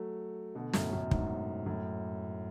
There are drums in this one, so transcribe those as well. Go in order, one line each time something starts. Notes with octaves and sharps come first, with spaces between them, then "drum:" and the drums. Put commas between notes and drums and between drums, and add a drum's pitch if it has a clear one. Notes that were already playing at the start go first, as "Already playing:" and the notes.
Already playing: F#3 A3
B2 D3
F#2 A2, drum: snare
F#2 A2
G#2, drum: kick
F#2 A2